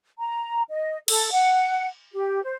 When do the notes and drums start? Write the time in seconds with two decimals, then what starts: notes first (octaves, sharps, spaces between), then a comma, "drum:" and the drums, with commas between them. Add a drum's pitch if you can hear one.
0.19 A#5
0.70 D#5
1.08 A4, drum: cymbal
1.32 F#5
2.13 G4
2.44 C5